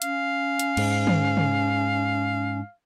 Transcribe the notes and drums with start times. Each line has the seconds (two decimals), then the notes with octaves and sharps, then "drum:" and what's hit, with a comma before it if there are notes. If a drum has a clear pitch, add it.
0.02 C#4 F5, drum: hi-hat
0.59 drum: hi-hat
0.77 G#2, drum: cymbal
1.07 drum: tom
1.37 drum: tom